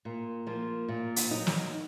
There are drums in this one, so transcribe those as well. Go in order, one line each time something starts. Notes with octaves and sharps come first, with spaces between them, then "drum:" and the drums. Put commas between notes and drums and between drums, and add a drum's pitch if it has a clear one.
A#2
F3 A#3
A#2
drum: hi-hat
F#3 B3 D#4
drum: snare